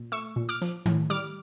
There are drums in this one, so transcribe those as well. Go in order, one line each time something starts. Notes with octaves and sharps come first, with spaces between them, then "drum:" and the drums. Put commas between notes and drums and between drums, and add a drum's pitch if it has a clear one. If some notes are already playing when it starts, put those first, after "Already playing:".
Already playing: A#2
A3 C#6 E6
A#2
D6 F6
F3, drum: hi-hat
A2, drum: tom D#3
G3 D6 F6